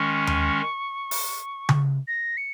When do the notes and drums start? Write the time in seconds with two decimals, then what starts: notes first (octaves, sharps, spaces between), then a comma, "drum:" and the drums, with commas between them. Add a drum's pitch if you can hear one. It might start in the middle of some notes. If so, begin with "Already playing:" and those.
Already playing: D#3 G#3 C#4 C#6
0.27 drum: tom D#2
1.11 drum: open hi-hat
1.69 drum: tom C#3
2.08 A#6
2.37 C#7